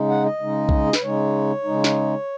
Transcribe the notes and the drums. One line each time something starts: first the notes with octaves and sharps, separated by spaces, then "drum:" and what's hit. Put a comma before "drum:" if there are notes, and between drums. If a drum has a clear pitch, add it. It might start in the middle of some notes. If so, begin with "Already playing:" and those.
Already playing: C#3 G#3 D#4
F#5
D#5
C#3 G#3 D#4
drum: kick B1
G#4
B4, drum: snare
C#3 G#3 D#4 C#5
C#3 G#3 D#4
drum: snare